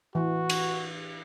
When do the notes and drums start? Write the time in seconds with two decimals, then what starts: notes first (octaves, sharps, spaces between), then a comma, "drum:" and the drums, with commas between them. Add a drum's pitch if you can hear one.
0.15 E3 F#4
0.50 drum: cymbal